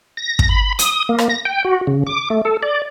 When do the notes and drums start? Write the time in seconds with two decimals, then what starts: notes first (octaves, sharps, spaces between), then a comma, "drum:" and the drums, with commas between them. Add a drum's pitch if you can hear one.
0.17 A#6
0.39 drum: kick
0.49 B5
0.79 D#6, drum: hi-hat
1.09 A#3
1.18 drum: rim click
1.29 A#6
1.45 G5
1.65 F#4
1.87 C#3
2.07 D6
2.30 A3
2.45 A4
2.63 D5